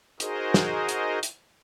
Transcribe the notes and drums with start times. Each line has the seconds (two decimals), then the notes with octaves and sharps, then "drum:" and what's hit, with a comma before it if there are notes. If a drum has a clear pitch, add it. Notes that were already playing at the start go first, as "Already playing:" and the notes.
0.20 D#4 F#4 G#4 A#4 C5 D#5, drum: hi-hat
0.54 drum: snare
0.89 drum: hi-hat
1.23 drum: hi-hat